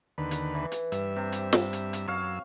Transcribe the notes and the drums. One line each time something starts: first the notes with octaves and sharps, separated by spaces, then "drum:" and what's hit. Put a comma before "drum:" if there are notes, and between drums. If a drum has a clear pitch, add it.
D#2 D3 B4
drum: hi-hat
E3
drum: hi-hat
G2 E5, drum: hi-hat
C3
drum: hi-hat
drum: snare
drum: hi-hat
drum: hi-hat
F#2 C#5 F5 E6